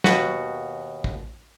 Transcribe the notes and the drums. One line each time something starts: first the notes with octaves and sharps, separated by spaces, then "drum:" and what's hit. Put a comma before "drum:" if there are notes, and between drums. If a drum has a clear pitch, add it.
D#2 B2 F#4 B4, drum: snare
drum: kick